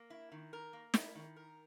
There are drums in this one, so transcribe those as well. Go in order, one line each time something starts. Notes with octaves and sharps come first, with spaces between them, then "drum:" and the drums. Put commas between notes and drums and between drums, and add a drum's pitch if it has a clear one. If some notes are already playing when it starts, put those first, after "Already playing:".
Already playing: A#3
E4
D#3
A#4
A#3
E4, drum: snare
D#3
A#4